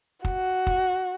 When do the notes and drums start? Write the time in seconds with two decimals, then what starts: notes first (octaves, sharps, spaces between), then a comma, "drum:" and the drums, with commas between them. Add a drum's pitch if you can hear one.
0.25 F#4, drum: kick
0.67 drum: kick